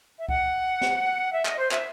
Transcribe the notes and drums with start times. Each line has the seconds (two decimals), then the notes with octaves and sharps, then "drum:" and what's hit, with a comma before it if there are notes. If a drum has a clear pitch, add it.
0.19 E5
0.29 F#5, drum: kick C#2
0.81 drum: snare
1.33 E5
1.45 D#5, drum: clap
1.58 C5
1.71 E5, drum: clap